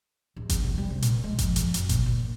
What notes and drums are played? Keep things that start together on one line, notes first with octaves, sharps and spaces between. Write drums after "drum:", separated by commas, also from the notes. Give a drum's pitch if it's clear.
D1
E2, drum: kick G1, hi-hat
C3
G3
C3
A#2, drum: hi-hat
G#3
F2, drum: kick G1, hi-hat
F2, drum: hi-hat
F#2, drum: hi-hat
A#2, drum: kick G1, hi-hat
A#2